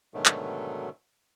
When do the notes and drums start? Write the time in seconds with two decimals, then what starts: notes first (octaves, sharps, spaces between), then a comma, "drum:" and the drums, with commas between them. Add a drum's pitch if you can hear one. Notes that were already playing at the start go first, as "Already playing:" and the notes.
0.14 G#2 B2 D3 D#3 F#3 A3
0.26 drum: clap